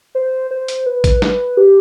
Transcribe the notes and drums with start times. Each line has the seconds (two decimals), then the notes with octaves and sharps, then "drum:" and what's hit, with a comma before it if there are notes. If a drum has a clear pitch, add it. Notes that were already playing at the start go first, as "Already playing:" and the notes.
0.15 C5
0.51 C5
0.68 drum: hi-hat
0.86 B4
1.04 drum: kick A1, hi-hat
1.22 B4, drum: snare
1.57 G4